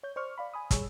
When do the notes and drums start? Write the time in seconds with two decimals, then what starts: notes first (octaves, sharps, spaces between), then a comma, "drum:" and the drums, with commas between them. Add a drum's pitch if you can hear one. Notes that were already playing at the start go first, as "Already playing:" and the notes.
0.03 C#5 G6
0.16 C5 D5 C#6 F6
0.38 D5 F5 B5
0.53 G#5 B5 D#6
0.71 G1 G3 G#4 C#5 E6, drum: kick, hi-hat